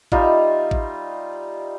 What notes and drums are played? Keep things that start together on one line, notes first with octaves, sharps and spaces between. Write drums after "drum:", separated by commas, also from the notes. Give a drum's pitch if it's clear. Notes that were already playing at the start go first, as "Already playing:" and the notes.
G3 D#4 F4 E5, drum: kick A1
drum: kick A1